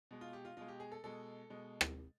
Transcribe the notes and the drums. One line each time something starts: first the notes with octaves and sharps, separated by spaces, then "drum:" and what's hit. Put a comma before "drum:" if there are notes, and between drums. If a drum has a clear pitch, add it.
B2 G#3
F4
G4
F4
B2 G#3 F4
G4
G#4
A4
B2 G#3 A4
B2 G#3
drum: rim click